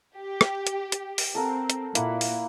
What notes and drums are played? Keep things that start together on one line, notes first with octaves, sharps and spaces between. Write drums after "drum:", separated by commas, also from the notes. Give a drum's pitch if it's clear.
G4
drum: rim click
drum: hi-hat
drum: hi-hat
drum: open hi-hat
C4 A4 A#4 F#5
drum: hi-hat
A#2 A#3 E4 F#5, drum: hi-hat
drum: open hi-hat